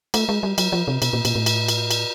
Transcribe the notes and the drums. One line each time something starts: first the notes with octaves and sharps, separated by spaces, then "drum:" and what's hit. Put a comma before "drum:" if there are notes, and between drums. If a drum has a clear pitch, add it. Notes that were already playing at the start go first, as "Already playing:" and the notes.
A3, drum: cymbal
G#3
G3
F#3, drum: cymbal
F3
C3
B2, drum: cymbal
A#2
A#2, drum: cymbal
A2
drum: cymbal
drum: cymbal
drum: cymbal